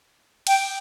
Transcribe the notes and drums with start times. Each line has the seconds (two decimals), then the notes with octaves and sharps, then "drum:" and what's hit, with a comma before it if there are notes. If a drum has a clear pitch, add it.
0.47 G5, drum: cymbal